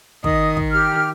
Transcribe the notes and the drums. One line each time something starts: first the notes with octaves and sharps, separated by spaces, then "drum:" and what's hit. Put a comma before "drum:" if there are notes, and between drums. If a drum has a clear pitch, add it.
D#3 D#5 D#6, drum: kick
drum: kick
G4 F6